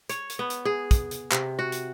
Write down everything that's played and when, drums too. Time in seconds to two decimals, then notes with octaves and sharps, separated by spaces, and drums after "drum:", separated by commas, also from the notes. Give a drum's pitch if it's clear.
0.09 C#5, drum: hi-hat
0.30 drum: hi-hat
0.39 B3
0.50 drum: hi-hat
0.65 G#4
0.91 drum: kick, hi-hat
1.11 drum: hi-hat
1.32 C3, drum: clap
1.59 F#4
1.72 drum: hi-hat